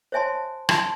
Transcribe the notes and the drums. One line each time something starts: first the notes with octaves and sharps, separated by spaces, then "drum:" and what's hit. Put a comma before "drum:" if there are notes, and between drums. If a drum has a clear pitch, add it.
C5 C#5 E5 G#5 A5 C6
G#5 A5 C6, drum: rim click